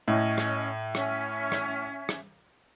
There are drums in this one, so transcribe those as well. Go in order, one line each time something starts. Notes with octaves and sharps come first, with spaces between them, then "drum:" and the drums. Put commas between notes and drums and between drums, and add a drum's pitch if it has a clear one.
A2 C#4 D#5
drum: rim click
C#4 E5, drum: rim click
drum: rim click
drum: rim click